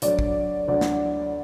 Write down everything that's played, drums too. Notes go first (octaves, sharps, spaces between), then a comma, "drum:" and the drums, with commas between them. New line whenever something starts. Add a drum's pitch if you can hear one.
D2 D3 F#3 D5, drum: hi-hat
drum: kick
D2 D3 F#3 D5
drum: snare